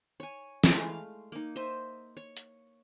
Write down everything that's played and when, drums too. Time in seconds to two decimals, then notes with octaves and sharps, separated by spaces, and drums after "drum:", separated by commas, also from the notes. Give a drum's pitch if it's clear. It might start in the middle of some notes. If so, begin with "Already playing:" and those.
0.20 C#5 G#5
0.64 E3 G#3 A3, drum: snare
0.89 F5
1.32 A#3 D#4
1.56 C5 D#5 E5 C6
2.17 C#5
2.37 drum: hi-hat